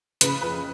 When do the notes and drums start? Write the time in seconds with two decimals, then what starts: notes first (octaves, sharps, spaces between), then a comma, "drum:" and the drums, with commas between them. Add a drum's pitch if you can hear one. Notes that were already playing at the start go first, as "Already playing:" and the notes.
0.21 C#3 B4 B5, drum: hi-hat
0.41 F2 B4 B5